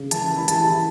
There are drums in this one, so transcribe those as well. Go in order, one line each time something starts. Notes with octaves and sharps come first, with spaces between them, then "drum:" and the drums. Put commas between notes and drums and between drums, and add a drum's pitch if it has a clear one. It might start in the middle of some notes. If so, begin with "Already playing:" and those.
Already playing: C#3
E3 A5, drum: hi-hat
E4 B5
A5, drum: hi-hat
E4